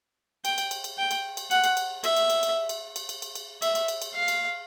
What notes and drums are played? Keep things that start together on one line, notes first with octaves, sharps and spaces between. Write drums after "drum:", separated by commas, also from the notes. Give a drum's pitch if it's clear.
G5, drum: cymbal
drum: cymbal
drum: cymbal
drum: cymbal
G5
drum: cymbal
drum: cymbal
F#5, drum: cymbal
drum: cymbal
drum: cymbal
E5, drum: cymbal
drum: cymbal
drum: cymbal
drum: cymbal
drum: cymbal
drum: cymbal
drum: cymbal
drum: cymbal
drum: cymbal
E5, drum: cymbal
drum: cymbal
drum: cymbal
drum: cymbal
F5
drum: cymbal